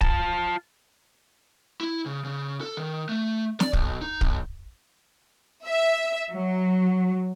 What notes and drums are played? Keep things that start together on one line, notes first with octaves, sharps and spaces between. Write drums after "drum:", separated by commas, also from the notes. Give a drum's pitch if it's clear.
F4 A5, drum: kick
E4
C#3
C#3
A4
D#3
A3
D5, drum: snare
B1, drum: kick
D#4
B1, drum: kick
E5
F#3